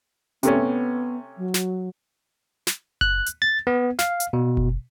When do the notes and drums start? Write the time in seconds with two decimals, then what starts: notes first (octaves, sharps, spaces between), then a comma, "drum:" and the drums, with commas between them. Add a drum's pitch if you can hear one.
0.43 C3 A3 B3 C#4, drum: hi-hat
1.37 F#3
1.54 drum: snare
2.67 drum: snare
3.01 F#6, drum: kick F#1
3.26 drum: hi-hat
3.42 A6
3.67 B3
3.99 F5, drum: snare
4.20 drum: hi-hat
4.33 B2
4.57 drum: kick F#1